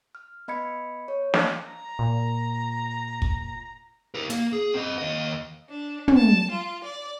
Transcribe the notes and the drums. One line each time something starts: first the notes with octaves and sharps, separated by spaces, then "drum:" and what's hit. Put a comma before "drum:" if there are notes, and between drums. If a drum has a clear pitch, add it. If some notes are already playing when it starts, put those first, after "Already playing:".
F6
B3 D#5 B5 G#6 C#7
C#5
A#3 D4 D#5 F5 A5, drum: snare
A#5
A#2
drum: kick
G4 A#4
A#3, drum: hi-hat
G#4
C4 D#5
D#2 D#5
D4
drum: tom
A5
F4
D5